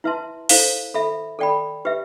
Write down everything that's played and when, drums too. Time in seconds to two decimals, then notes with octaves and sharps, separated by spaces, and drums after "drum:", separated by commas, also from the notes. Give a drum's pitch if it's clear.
0.04 E4 B4 E5 A5 C6
0.49 E4 A4 C5 F5, drum: open hi-hat
0.94 A4 E5 B5
1.39 A4 D5 G5 B5
1.85 G4 B4 E5